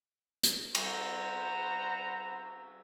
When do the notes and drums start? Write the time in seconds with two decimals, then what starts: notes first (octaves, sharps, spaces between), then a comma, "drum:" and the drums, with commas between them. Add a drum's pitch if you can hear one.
0.43 drum: hi-hat
0.75 B4 C5 F#5 A#5, drum: cymbal